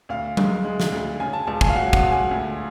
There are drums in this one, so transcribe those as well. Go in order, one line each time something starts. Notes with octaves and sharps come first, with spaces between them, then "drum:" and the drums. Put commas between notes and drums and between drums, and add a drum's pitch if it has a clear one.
D2 F5
G#3, drum: tom F#3
G#3
drum: snare
D2
C#3 G#5
A5
C#2 A5
G#5, drum: kick
F5
F#3 F#5
F#5, drum: kick
C#2
G#5
D2